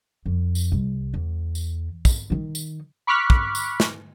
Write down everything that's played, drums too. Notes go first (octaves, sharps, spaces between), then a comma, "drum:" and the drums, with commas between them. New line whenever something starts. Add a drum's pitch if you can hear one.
F2
drum: tambourine
C2
E2
drum: tambourine
drum: kick, tambourine
D#3 D#4
drum: tambourine
B5 C#6 D6 F6 F#6 B6
drum: kick
drum: tambourine
drum: snare